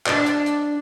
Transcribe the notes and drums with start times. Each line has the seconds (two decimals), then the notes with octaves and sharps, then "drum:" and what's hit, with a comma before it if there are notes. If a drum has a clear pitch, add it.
0.06 D4 D5, drum: clap
0.26 drum: hi-hat
0.46 drum: hi-hat